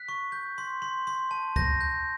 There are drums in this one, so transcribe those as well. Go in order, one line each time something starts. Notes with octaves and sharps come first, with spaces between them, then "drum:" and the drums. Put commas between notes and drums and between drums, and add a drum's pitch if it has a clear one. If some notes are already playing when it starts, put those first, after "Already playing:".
Already playing: F#6 B6
C#6
G6
C6
C6
C6
A5
G6 A#6, drum: kick C#2
G6